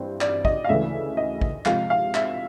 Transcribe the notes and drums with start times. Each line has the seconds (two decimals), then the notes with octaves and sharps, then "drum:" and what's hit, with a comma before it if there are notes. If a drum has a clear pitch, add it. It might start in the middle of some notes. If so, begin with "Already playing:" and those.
Already playing: G2 E3 C4
0.21 D5, drum: clap
0.45 D#5, drum: kick
0.64 F5
0.69 D2 C#3 E3 A3 E5
1.17 D#5
1.41 drum: kick
1.66 C3 F3 G#3 F5, drum: clap
1.90 F5
2.14 E5, drum: clap